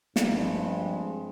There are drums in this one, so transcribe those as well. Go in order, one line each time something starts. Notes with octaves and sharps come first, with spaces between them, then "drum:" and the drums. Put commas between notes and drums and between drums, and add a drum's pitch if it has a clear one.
G2 F3 G#3 C4, drum: snare